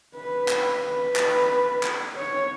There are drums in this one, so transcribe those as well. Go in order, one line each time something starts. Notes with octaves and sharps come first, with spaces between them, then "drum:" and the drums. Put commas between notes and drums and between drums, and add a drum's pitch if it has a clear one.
B4
drum: clap
B4
drum: clap
drum: clap
C#5